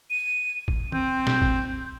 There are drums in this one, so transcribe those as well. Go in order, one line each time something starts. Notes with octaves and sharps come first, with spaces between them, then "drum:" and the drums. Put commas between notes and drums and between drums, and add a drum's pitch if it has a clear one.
D#7
drum: kick A1
C4 G6, drum: tom D#3
drum: snare
drum: kick A1